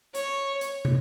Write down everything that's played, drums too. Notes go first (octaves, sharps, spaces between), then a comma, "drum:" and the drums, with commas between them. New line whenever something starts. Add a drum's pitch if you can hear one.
C#5, drum: hi-hat
drum: hi-hat
drum: tom